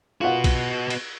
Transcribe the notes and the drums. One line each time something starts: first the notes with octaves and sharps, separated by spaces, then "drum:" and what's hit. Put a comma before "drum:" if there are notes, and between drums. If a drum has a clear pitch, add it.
B3 F4 F#4 F#5
drum: kick B1, cymbal
drum: cymbal